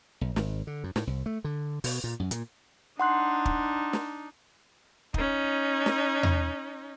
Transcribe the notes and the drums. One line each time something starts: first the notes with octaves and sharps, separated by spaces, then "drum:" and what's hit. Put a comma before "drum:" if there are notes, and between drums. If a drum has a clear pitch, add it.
B1
G#1, drum: snare
D3
F#2
A2, drum: snare
C2
A3
D3
B2, drum: open hi-hat
A#2
F#2
A#2, drum: hi-hat
D4 D#4 F#5 C6 F#6
drum: kick
drum: snare
C#4 D#4, drum: kick
drum: snare
drum: tom E2